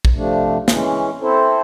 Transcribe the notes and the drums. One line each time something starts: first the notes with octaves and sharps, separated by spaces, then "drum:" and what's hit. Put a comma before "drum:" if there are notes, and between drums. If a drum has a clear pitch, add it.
drum: kick
C3 F3 A3 D4
E3 G#3 C#4, drum: snare
C4 E4 A4 C5